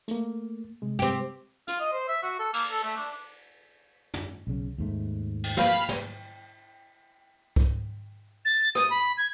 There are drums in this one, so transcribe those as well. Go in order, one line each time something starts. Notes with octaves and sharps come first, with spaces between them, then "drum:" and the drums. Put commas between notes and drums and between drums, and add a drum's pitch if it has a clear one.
A3 A#3, drum: hi-hat
C3 G#3
C4 G4
F4, drum: hi-hat
D#5
C5
E5
F#4
A4
A#3, drum: cymbal
A4
A3
D4
drum: tom
B1 C#3
D#2 G#2 A3
drum: cymbal
F3 G3 A#3 F5 B5, drum: snare
drum: snare
drum: kick
A6
D#6, drum: rim click
B5
G#6